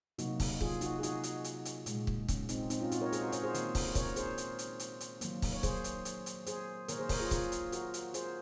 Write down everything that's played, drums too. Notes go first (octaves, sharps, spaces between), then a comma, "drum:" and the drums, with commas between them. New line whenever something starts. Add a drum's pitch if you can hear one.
C3 F#3 A#3 D#4 F#4, drum: hi-hat
drum: kick, open hi-hat
F4 G#4, drum: kick
D#4 F#4, drum: hi-hat
G#4
D#4 F#4, drum: hi-hat
drum: hi-hat
drum: hi-hat
drum: hi-hat
A#2 G#3, drum: hi-hat
drum: kick
C#4, drum: kick, hi-hat
C4 D#4, drum: hi-hat
C4 D#4, drum: hi-hat
C#4 F4
D#4 F#4, drum: hi-hat
A#4 C#5
G#4 C5, drum: hi-hat
F#4 A#4
A#4 C#5, drum: hi-hat
G#4 C5
D#3 A#3, drum: hi-hat
drum: kick, open hi-hat
A#4 C#5, drum: kick, hi-hat
G#4 C5, drum: hi-hat
drum: hi-hat
drum: hi-hat
drum: hi-hat
drum: hi-hat
D#3 F#3 A#3, drum: hi-hat
drum: kick, open hi-hat
C#5
G#4 C5, drum: kick, hi-hat
drum: hi-hat
drum: hi-hat
drum: hi-hat
G#4 C5, drum: hi-hat
D#3 A#3 A#4 C#5, drum: hi-hat
G#4 C5
A#4 C#5, drum: kick, open hi-hat
F4 G#4
F4 G#4, drum: kick, hi-hat
drum: hi-hat
F#4 A#4, drum: hi-hat
drum: hi-hat
G#4 C5, drum: hi-hat